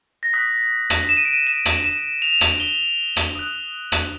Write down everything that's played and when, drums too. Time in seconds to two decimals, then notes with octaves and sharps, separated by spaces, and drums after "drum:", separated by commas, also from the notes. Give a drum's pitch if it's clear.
0.23 A#6
0.33 D#6 F#6 B6
0.90 drum: rim click
1.09 E7
1.17 D#7
1.25 D7
1.33 D#7
1.47 E7
1.65 drum: rim click
1.84 E7
2.22 F7
2.41 drum: rim click
2.60 G7
3.16 drum: rim click
3.35 D#6 F#6
3.92 drum: rim click